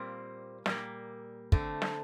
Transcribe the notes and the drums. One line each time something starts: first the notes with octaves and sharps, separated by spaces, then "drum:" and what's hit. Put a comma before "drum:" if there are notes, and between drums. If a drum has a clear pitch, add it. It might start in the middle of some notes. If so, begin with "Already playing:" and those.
Already playing: A#2 G3 A#3 C4
A#2 G3 A#3, drum: snare
D3 A3 C4, drum: kick
drum: snare